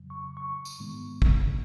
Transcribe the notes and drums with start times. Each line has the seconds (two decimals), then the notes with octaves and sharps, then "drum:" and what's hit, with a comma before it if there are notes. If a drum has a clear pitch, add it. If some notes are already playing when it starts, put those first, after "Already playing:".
Already playing: F2 C#3 F#3
0.10 C#6
0.37 C#6
0.65 drum: tambourine
0.80 G#2 D#3 G#3 B3
1.22 drum: kick